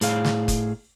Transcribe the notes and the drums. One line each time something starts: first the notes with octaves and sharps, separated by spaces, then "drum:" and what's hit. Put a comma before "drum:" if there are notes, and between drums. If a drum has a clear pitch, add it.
A2 G#4 F5, drum: hi-hat
drum: snare
drum: kick F#1, hi-hat